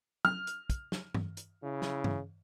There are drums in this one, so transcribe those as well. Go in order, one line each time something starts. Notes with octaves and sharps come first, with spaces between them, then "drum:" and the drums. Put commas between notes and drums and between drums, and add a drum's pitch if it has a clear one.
F6, drum: tom
drum: hi-hat
drum: kick, hi-hat
drum: snare
drum: tom G2
drum: hi-hat
C#3 E4
drum: snare
drum: tom G2